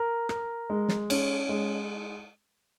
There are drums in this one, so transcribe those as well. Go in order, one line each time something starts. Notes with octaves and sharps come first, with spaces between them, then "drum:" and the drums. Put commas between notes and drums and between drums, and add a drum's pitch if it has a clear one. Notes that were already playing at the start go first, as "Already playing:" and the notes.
Already playing: A#4
A#4, drum: rim click
G#3
drum: snare
C#4, drum: cymbal
G#3